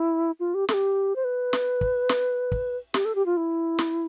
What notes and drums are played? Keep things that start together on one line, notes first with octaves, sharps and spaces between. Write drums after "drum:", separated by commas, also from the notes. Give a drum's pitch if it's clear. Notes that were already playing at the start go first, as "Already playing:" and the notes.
Already playing: E4
F4
G4
A4, drum: snare
G4
C5
B4
drum: snare
drum: kick
drum: snare
drum: kick
G4, drum: snare
A4
G4
F4
E4
drum: snare